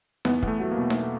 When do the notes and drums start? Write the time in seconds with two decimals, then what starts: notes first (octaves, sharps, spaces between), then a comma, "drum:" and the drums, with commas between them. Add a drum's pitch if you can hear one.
0.25 E2 B3, drum: snare D#4
0.43 E2, drum: kick
0.48 A3
0.60 F#3 A3
0.71 A#3
0.77 B2
0.90 drum: snare D#4